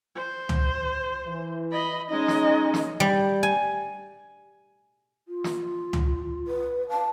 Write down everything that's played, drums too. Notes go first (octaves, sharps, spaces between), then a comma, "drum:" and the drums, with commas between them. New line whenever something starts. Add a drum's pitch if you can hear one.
C5
drum: tom C#2
E3
D#5 B5
G#3 C#4 D#4 D#5
drum: snare
drum: snare
G3
G#5
F4
drum: snare
drum: tom C#2
B4
F5 A5